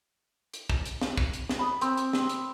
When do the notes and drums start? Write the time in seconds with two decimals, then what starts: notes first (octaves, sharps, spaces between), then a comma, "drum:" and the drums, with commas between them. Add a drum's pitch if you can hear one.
0.54 drum: hi-hat
0.70 drum: kick
0.86 drum: hi-hat
1.01 drum: snare
1.17 drum: kick
1.33 drum: hi-hat
1.49 drum: snare
1.59 B5 D#6
1.81 C4, drum: hi-hat
1.97 drum: hi-hat
2.13 drum: snare
2.29 drum: hi-hat